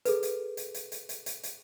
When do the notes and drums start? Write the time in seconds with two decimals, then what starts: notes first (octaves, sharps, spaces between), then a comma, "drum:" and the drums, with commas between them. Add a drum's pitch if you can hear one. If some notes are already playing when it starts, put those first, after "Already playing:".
0.05 G#4 A4 B4, drum: hi-hat
0.23 drum: hi-hat
0.57 drum: hi-hat
0.74 drum: hi-hat
0.92 drum: hi-hat
1.09 drum: hi-hat
1.26 drum: hi-hat
1.43 drum: hi-hat